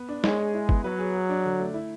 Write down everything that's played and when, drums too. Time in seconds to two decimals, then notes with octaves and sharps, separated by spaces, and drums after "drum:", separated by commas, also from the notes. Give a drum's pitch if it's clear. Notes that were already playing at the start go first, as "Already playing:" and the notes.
Already playing: B3
0.09 D4
0.24 G#3 C#5, drum: snare
0.38 G#4
0.54 E4
0.69 B3, drum: kick
0.84 F#3 B4
0.99 G#4
1.13 G#4
1.29 D4
1.45 D3
1.60 A3
1.74 E4